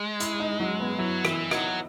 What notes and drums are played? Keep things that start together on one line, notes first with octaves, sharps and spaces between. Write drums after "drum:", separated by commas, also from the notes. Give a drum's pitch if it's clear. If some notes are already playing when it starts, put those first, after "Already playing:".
Already playing: G#3
E4, drum: hi-hat
D#4
F#3
B3
F#3 E4
E3 E4, drum: rim click
F#3 D#4, drum: rim click